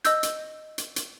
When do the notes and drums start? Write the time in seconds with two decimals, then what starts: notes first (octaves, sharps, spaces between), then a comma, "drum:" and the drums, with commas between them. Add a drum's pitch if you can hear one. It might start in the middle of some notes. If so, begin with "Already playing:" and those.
0.05 D#5 E6 G6, drum: hi-hat
0.23 drum: hi-hat
0.78 drum: hi-hat
0.96 drum: hi-hat